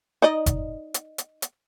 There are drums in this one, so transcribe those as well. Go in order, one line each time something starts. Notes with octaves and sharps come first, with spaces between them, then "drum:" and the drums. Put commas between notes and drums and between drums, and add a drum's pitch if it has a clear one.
D#4 D5 D#5
drum: kick F#1, hi-hat
drum: hi-hat
drum: hi-hat
drum: hi-hat